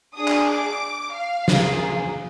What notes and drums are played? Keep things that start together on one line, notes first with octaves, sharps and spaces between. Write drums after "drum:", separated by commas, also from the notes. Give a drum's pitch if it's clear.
D4 G#4 D#6
drum: clap
D6
F5
A#3 F4 G#4, drum: snare